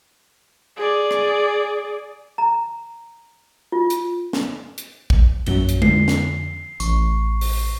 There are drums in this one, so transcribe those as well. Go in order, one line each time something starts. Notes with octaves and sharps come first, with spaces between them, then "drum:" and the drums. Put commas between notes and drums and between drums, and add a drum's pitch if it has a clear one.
G#4 D5
drum: rim click
A#5
F4
drum: hi-hat
drum: snare
drum: hi-hat
drum: kick
A#1 F#2 F#3 G7, drum: cymbal
drum: hi-hat
F2 D3 C7, drum: tom G#3
drum: snare
A1 C#6, drum: tambourine
drum: open hi-hat